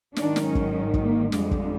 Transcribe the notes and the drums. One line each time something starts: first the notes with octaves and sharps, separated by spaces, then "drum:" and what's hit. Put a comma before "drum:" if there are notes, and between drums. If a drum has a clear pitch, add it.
G#2 D#3 F#3 D4, drum: snare
drum: snare
C#4
drum: kick
drum: kick
A#3
F2 D3 G3 G#3, drum: snare
drum: kick